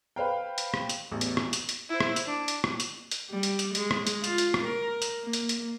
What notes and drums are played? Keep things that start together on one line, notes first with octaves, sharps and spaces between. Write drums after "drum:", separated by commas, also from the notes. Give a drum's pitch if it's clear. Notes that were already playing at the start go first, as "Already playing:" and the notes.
B4 C5 F5 G5
drum: hi-hat
drum: rim click
drum: hi-hat
A1 E2
drum: hi-hat
drum: rim click
drum: hi-hat
drum: hi-hat
E4 C5
drum: rim click
drum: hi-hat
D4
drum: hi-hat
drum: rim click
drum: hi-hat
drum: hi-hat
G3
drum: hi-hat
drum: hi-hat
G#3, drum: hi-hat
drum: rim click
drum: hi-hat
F4, drum: hi-hat
drum: hi-hat
drum: rim click
A#4
drum: hi-hat
A#3
drum: hi-hat
drum: hi-hat